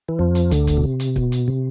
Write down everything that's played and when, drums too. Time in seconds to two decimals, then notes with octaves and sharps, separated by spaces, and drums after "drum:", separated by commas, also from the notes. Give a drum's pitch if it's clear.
0.09 E3
0.19 F2 F3
0.35 drum: hi-hat
0.51 D2 D3, drum: hi-hat
0.67 drum: kick, hi-hat
0.77 B2
0.84 C3
1.00 drum: hi-hat
1.16 B2, drum: kick
1.32 drum: hi-hat
1.48 C3